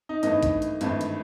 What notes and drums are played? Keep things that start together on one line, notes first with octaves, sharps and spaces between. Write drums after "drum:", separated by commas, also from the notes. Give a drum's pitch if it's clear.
D#4 D#5
G#1 G2 E3 A3 D#4 D#5, drum: hi-hat
drum: kick A#1, hi-hat
drum: hi-hat
G#1 G2 E3 A3, drum: hi-hat
drum: hi-hat